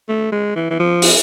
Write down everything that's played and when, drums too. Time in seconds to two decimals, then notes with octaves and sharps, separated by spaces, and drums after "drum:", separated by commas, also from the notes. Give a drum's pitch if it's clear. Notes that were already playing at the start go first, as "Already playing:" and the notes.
0.09 A3
0.32 G#3
0.56 E3
0.70 E3
0.80 F3
1.02 drum: open hi-hat